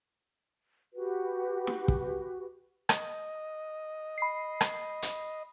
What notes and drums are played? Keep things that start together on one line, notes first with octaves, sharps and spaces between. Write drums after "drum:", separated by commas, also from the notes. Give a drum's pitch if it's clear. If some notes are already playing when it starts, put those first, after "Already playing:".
F#4 G4 B4
drum: snare
drum: kick
D#5, drum: rim click
B5 C7
drum: rim click
drum: hi-hat